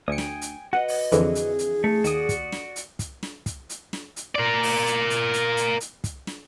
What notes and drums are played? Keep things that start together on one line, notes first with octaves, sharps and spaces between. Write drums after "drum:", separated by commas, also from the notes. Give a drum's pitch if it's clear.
D2 G5 G#5 D#6 C#7
drum: snare
drum: hi-hat
F#4 B4 D#5 F#5
drum: open hi-hat
F2 D3 E3 G#4, drum: hi-hat
drum: hi-hat
drum: hi-hat
A3
D#2 F#4 D5 D#6, drum: hi-hat
drum: kick, hi-hat
drum: snare
drum: hi-hat
drum: kick, hi-hat
drum: snare
drum: kick, hi-hat
drum: hi-hat
drum: snare
drum: hi-hat
A#4 D5
drum: open hi-hat
drum: hi-hat
drum: hi-hat
drum: hi-hat
drum: hi-hat
drum: hi-hat
drum: kick, hi-hat
drum: snare